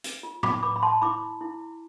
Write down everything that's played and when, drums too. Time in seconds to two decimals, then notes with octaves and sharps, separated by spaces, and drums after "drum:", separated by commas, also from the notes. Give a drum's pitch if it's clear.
0.04 drum: hi-hat
0.23 F4
0.43 B5 D6, drum: tom
0.63 B4 B5 D6
0.76 B5
0.82 A5 C6
1.01 E4 B5 D6
1.41 E4